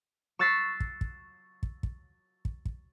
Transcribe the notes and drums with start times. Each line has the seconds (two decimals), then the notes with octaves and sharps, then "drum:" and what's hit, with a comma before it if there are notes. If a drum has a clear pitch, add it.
0.39 C#6 E6 F#6 A6 B6 C7
0.80 drum: kick
1.01 drum: kick
1.63 drum: kick
1.83 drum: kick
2.45 drum: kick
2.65 drum: kick